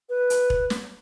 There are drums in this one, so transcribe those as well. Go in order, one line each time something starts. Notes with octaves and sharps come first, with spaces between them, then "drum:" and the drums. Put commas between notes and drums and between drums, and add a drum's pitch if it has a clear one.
B4
drum: hi-hat
drum: kick E1
drum: snare